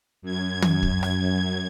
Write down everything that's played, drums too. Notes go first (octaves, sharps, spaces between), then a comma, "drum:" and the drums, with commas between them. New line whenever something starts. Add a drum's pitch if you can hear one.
F#2 G#6
drum: tom
drum: kick
drum: rim click